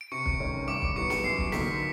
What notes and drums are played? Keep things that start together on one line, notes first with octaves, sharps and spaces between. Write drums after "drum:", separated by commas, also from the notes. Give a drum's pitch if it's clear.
D7
C3 C#6 C#7
drum: kick
D#3 G#3 C#4
G2 D6 D7
drum: kick
E3 G3 B3 D#4 C#6 C#7
drum: snare
F#2 C7
drum: kick
D3 F#3 A#3 D#4 B6, drum: snare